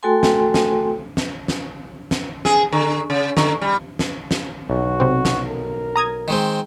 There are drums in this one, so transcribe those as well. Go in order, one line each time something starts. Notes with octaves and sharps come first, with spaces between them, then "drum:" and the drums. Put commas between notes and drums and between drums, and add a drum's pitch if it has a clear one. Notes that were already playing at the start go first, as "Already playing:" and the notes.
A3 F#4 A4 G5 G#5 C6
drum: snare
drum: snare
drum: snare
drum: snare
drum: snare
G#4, drum: snare
D3
C#3
D3, drum: snare
G3
drum: snare
drum: snare
B1 F#4
C3 C4
drum: snare
A#4
A#5 D#6 G#6
D#3 G#3 C4